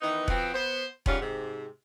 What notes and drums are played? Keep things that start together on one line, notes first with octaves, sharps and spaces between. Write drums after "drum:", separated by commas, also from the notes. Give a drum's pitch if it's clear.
D#3 E3 B3 D#4
B2 F3 B3 C4, drum: kick E1
B3 C5
G#2 G3 C#4 F4 F#4, drum: kick E1
G#2 C3